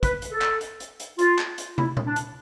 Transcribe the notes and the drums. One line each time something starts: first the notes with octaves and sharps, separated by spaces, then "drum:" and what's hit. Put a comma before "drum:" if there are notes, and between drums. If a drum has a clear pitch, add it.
B4, drum: kick, hi-hat
drum: hi-hat
A4
drum: clap
drum: hi-hat
drum: hi-hat
drum: hi-hat
F4, drum: hi-hat
drum: clap
drum: hi-hat
E4, drum: tom
drum: tom A#2
D4
drum: hi-hat